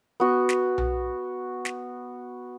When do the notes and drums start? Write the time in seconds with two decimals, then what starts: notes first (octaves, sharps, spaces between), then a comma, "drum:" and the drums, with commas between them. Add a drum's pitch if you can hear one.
0.20 B3 F#4
0.49 drum: snare
0.78 drum: tom B1
1.65 drum: snare